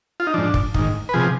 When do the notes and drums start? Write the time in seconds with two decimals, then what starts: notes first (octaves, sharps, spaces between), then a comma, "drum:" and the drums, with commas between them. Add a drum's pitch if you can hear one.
0.20 F4
0.27 D#4
0.34 G#2 F3 D4
0.54 drum: kick
0.74 G#2 D#3, drum: kick
1.09 B4
1.14 C3 F3 G#4